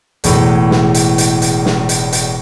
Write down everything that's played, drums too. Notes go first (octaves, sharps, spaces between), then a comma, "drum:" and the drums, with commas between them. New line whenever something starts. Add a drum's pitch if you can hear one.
E1 E2 A2, drum: hi-hat
drum: snare
drum: hi-hat
drum: hi-hat
drum: hi-hat
drum: snare
drum: hi-hat
drum: hi-hat